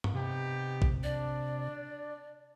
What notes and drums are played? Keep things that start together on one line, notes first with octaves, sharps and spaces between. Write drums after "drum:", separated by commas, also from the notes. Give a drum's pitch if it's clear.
drum: tom
C3 B3 D#4 G4
drum: kick
D4 D5